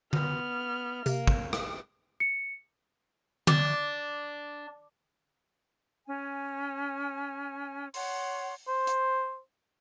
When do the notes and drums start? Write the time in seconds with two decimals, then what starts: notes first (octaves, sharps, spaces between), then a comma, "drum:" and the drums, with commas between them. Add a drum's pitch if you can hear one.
0.13 B3 F6, drum: tom D3
1.06 C3 A#3, drum: tambourine
1.27 drum: kick
1.53 drum: rim click
2.20 C#7
3.47 D4, drum: tom D3
6.06 C#4 G#5
7.94 C#5 F#5 C6, drum: open hi-hat
8.68 C5
8.87 drum: hi-hat